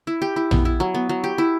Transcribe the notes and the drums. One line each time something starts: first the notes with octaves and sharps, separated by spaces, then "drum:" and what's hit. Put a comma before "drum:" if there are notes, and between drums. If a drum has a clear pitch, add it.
E4
G4
E4
B3, drum: tom A#1
E4
F#3
B3
F#3
G4
E4